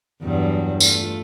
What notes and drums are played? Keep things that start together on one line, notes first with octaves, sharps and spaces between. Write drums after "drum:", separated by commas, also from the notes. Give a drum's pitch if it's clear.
E2 G2 F#3
A3 F4, drum: tambourine